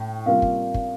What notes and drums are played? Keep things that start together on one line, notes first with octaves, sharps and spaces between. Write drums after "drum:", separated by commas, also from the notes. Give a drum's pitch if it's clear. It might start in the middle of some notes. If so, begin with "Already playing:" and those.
Already playing: A2 G5
C3 G3 A#3 F4 F5
drum: kick
drum: kick